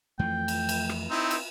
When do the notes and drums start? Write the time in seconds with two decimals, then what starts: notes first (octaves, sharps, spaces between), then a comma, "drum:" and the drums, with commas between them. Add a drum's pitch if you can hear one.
0.19 F2 E3 F3 A3 G5
0.48 drum: cymbal
0.69 drum: cymbal
0.89 drum: rim click
1.10 C4 D#4 E4
1.31 drum: cymbal